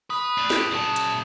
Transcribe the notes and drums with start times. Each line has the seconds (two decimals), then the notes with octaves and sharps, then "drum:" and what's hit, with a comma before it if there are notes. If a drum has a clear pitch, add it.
0.10 B4 D#6
0.38 A3 D4
0.50 G4 A4, drum: snare
0.71 A#2 C#3 F#3 A5
0.96 drum: hi-hat